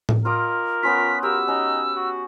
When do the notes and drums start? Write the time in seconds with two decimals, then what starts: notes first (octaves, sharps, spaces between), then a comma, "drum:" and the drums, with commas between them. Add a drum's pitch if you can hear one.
0.09 drum: tom A2
0.25 F4 A#4 D#5 D6
0.83 B3 C#4 F4 B6
1.23 F#4 G4 A#4 E6
1.48 C#4 D#4
1.95 F#4